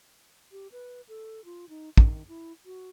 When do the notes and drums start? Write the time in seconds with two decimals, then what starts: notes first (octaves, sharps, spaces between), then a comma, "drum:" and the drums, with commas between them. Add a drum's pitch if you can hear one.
0.52 G4
0.72 B4
1.08 A4
1.45 F4
1.69 D#4
1.98 D#3, drum: kick
2.28 E4
2.65 F#4